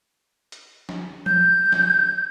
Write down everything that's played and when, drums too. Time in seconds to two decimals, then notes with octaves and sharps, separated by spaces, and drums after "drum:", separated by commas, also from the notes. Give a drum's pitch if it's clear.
0.52 drum: hi-hat
0.89 drum: snare
1.26 G6, drum: tom F3
1.72 drum: snare